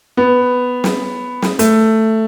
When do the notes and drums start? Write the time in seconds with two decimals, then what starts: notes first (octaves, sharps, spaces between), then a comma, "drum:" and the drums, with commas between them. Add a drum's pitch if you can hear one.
0.17 B3
0.84 drum: snare
1.42 drum: snare
1.59 A3, drum: hi-hat